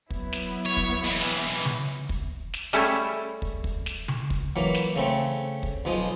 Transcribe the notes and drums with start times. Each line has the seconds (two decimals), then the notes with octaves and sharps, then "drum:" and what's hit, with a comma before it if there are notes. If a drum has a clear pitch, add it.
0.10 F#3 B3 E4, drum: kick
0.33 drum: snare
0.66 C#5
0.77 drum: kick
1.04 E3 G#3
1.21 drum: snare
1.65 drum: tom C#3
2.09 drum: kick
2.54 drum: snare
2.73 G3 A3 C#4 E4 G#4 A4, drum: snare
3.42 drum: kick
3.64 drum: kick
3.86 drum: snare
4.08 drum: tom C#3
4.30 drum: kick
4.56 E3 F#3 A#3
4.75 drum: snare
4.96 C#3 A3 C4
5.63 drum: kick
5.85 B1 F3 G#3 C5 D#5